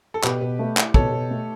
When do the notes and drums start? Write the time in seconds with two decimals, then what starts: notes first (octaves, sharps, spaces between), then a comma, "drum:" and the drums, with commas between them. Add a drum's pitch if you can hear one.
0.14 A4
0.23 B2 G4 B4, drum: clap
0.41 B2
0.59 A3
0.77 E4, drum: clap
0.94 B2 A4 C#5, drum: kick
1.12 B2
1.30 A3